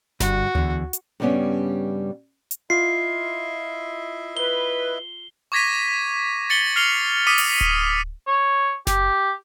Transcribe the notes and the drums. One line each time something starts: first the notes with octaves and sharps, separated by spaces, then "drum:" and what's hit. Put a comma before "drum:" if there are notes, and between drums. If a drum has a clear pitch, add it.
G2 D3 F#4, drum: snare F#1
E2 D3, drum: tom D2
drum: hi-hat
G2 C#3 G3 B3 C#4
drum: hi-hat
E4 F4 D#5 E5 C7
B4 G7
C#6 D6 G#6 A#6 B6 D#7
A6 C#7 F#7 G7
F6 C7 F7 G7
D6 D#6 B6 C#7 D#7
drum: open hi-hat
drum: kick D1
C#5
G4, drum: snare F#1